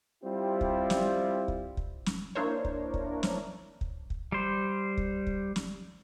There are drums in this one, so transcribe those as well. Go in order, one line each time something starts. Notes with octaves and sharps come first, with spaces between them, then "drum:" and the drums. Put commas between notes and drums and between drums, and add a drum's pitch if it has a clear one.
G3 C4 E4 F4 G4
drum: kick
drum: snare
drum: kick
drum: kick
drum: snare
A#3 D4 E4 A#4 C5 C#5
drum: kick
drum: kick
drum: snare
drum: kick
drum: kick
G3 C5
drum: kick
drum: kick
drum: snare